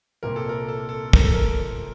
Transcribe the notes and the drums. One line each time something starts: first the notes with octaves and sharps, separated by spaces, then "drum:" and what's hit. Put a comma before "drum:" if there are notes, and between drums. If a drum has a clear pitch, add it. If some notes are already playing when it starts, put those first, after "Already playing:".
C2 A#2 G3 A#3 A#4
A4
A#4
A4
A4
A#4, drum: kick
A4
A#4